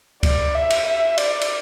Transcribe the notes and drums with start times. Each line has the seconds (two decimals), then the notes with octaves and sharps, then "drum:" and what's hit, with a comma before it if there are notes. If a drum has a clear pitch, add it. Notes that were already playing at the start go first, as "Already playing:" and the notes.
0.23 D5, drum: kick C#2, cymbal
0.55 E5
0.70 drum: cymbal
0.86 E5
1.18 D5, drum: cymbal
1.41 drum: cymbal